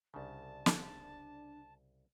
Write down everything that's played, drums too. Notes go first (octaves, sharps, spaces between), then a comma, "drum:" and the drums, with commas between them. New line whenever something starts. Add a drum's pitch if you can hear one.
C2 C#3 D4 A5
drum: snare